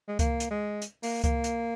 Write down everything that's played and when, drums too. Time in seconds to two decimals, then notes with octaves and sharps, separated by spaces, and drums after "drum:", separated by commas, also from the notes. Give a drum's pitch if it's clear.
0.08 G#3
0.19 A#3, drum: kick C#2, hi-hat
0.40 drum: hi-hat
0.50 G#3
0.82 drum: hi-hat
1.03 A#3, drum: open hi-hat
1.24 A#3, drum: kick C#2, hi-hat
1.44 drum: hi-hat